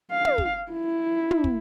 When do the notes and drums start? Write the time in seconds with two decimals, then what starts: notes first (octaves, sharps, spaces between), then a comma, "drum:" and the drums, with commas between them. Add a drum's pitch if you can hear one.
0.12 F5
0.25 drum: tom
0.38 drum: kick
0.71 E4
1.31 drum: tom
1.44 drum: kick